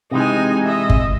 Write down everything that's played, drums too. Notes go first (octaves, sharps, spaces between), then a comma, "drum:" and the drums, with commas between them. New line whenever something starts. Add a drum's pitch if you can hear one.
C3 E3 G#3 D#4 G#5
D#5 E5
drum: kick G1